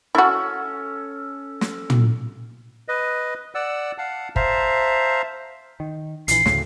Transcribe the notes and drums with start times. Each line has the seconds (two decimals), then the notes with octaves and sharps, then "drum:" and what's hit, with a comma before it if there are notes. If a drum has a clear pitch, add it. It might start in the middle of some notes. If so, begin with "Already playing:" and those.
0.15 C#4 E4 F#4 A4
1.61 drum: snare
1.90 drum: tom
2.88 B4 D#5
3.55 D5 F#5 E6
3.98 F5 F#5 A5
4.36 C5 E5 F5 A5 A#5, drum: kick G1
5.80 D#3
6.28 A#1 E3 C7, drum: hi-hat
6.46 D2 A2 C#3, drum: snare